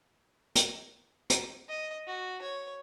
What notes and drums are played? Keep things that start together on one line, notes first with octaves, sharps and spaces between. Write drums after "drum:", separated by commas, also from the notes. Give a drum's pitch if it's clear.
drum: hi-hat
drum: hi-hat
D#5
F#4
C#5